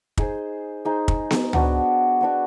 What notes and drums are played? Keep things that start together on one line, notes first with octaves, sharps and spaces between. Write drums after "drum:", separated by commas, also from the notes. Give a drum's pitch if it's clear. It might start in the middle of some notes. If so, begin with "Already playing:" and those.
D#4 G#4 C5, drum: kick
D#4 G#4 C5
drum: kick
drum: snare B3
B3 D4 F#4, drum: tom
B3 D4 F#4